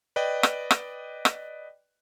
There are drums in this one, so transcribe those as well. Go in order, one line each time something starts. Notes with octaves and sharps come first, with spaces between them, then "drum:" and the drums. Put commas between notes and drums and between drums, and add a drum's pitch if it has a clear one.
B4 D5 D#5 G5
drum: rim click
drum: rim click
drum: rim click